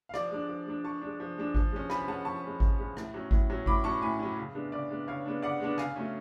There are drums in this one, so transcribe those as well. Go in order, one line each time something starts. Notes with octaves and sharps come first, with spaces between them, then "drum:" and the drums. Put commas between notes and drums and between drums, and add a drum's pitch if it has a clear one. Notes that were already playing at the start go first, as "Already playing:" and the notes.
F5
F3 D5, drum: rim click
G#3 D4
F3
G#3 D4
F3 A5 C#6
G#3 D4
F3
G#3 D4
F3, drum: kick G#1
G#3 C#4
F3 G#5 B5, drum: rim click
B5
G#3 C#4 F#5 A5
F3 A5 C#6
G#3 C#4
F3, drum: kick G#1
G#3 C#4
A2, drum: rim click
F#3 C#4
A2, drum: kick G#1
F#3 C#4
A2 B5 D6, drum: kick G#1
F#3 C#4 A5 C#6
A2 G#5 B5
F#3 C#4
C#3
G#3 B3 D4
C#3 D5
G#3 B3 D4
C#3 C#5 F5
G#3 B3 D4
C#3 D5 F#5
G#3 B3 D4
C#3 F5 G#5, drum: rim click
F#3 A3 C#4